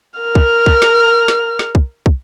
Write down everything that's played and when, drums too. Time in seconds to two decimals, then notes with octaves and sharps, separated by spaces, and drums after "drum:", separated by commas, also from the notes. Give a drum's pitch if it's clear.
0.20 A#4 F6
0.35 drum: kick
0.66 drum: kick
0.82 drum: snare
1.28 drum: snare
1.59 drum: snare
1.75 drum: kick
2.06 drum: kick